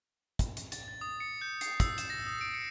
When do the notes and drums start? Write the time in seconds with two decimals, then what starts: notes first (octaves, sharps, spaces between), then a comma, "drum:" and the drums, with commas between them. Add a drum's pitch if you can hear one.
0.39 drum: kick, hi-hat
0.57 drum: hi-hat
0.72 A6, drum: hi-hat
0.88 A6
1.01 D#6
1.20 C#7
1.41 G6
1.61 C7, drum: hi-hat
1.80 E6, drum: kick, hi-hat
1.98 E7, drum: hi-hat
2.10 A#6
2.27 D#6
2.41 D7
2.54 C#7